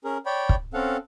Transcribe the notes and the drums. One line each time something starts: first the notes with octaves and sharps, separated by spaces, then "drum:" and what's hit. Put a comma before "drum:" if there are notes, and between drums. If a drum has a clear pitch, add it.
C#4 G#4 A#4
C#5 D5 G5 B5
drum: kick
C4 C#4 A4 F5 F#5